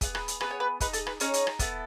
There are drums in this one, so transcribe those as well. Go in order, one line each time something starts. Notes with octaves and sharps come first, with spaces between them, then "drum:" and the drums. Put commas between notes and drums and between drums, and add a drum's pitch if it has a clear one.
B3 E4 G#4, drum: kick, hi-hat
B4, drum: rim click
drum: hi-hat
B3 D#4 G#4 B4, drum: rim click
C#5
B4
D#4 G#4 B4, drum: kick, hi-hat
A4, drum: hi-hat
B4, drum: rim click
C#4 D#4 G#4 C#5, drum: hi-hat
drum: hi-hat
drum: rim click
B3 E4 A4, drum: kick, hi-hat